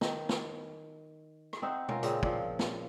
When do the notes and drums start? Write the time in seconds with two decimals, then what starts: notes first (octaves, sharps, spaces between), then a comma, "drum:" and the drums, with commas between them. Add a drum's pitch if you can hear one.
0.01 D#3, drum: snare
0.29 drum: snare
1.53 drum: rim click
1.62 C4 D#4 E5 F#5
1.89 C#4 F4 A#4, drum: tom B2
2.03 A#2 C#3 C4, drum: hi-hat
2.23 A#2 F3, drum: kick
2.59 drum: snare